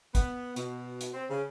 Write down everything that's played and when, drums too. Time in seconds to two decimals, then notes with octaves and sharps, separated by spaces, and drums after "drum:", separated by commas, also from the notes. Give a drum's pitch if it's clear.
0.15 B3, drum: kick, hi-hat
0.56 B2, drum: hi-hat
1.01 drum: hi-hat
1.14 C4
1.30 C#3